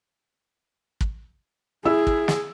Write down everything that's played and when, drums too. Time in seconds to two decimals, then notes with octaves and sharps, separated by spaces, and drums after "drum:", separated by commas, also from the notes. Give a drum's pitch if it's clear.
1.01 drum: kick
1.85 E4 G#4 E6
2.07 drum: kick
2.28 drum: snare